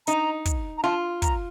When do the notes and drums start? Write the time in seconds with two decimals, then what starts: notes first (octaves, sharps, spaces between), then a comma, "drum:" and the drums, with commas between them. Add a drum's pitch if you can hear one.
0.07 D#4 A#5, drum: hi-hat
0.45 drum: kick, hi-hat
0.78 A#5
0.83 F4 A5
1.22 A#5, drum: kick, hi-hat